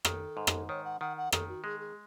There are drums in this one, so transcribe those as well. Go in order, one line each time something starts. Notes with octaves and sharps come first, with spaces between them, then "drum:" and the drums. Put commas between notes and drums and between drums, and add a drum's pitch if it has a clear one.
D#3 A4, drum: rim click
G#2
drum: rim click
D#3 C#5
F#5
D#3 F#5
F#5
D#3 A4, drum: rim click
F#4
G#3 G#4
G#4